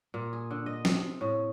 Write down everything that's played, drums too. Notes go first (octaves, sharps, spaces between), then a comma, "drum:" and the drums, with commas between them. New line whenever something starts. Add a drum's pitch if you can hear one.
A#2
G#4
D3
D#5
C3, drum: snare
A2